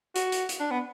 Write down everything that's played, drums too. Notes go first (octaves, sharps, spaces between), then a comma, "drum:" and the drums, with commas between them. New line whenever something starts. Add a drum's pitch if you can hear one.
F#4, drum: hi-hat
drum: hi-hat
drum: hi-hat
D4
B3